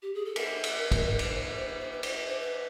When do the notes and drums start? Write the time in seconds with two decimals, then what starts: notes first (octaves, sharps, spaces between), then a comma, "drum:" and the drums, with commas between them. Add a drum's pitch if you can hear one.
0.02 G4
0.14 G#4
0.25 A4
0.36 A#4, drum: cymbal
0.64 drum: cymbal
0.92 drum: kick, cymbal
1.19 B4, drum: cymbal
1.31 C5
1.43 B4
1.55 C5
1.68 B4
1.79 C5
1.91 B4
2.03 C5, drum: cymbal
2.16 B4
2.27 C5
2.39 B4